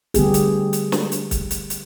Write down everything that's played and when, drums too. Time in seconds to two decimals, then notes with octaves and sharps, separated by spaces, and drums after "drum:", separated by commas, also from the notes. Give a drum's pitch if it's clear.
0.14 D3 G3 A3 B3 G4 G#4, drum: kick C#1, hi-hat
0.34 drum: hi-hat
0.73 drum: hi-hat
0.92 drum: snare
1.12 drum: hi-hat
1.31 drum: kick C#1, hi-hat
1.51 drum: hi-hat
1.70 drum: hi-hat